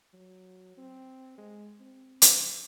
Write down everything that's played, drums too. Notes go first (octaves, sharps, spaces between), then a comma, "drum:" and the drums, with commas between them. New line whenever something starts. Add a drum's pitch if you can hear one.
F#3
C4
G#3
C4
drum: hi-hat